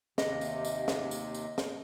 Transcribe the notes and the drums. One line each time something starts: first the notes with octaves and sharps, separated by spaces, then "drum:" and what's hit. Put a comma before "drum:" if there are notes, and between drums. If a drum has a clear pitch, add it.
D#2 C3 D#5, drum: snare
drum: tambourine
drum: tambourine
drum: snare
drum: tambourine
drum: tambourine
drum: snare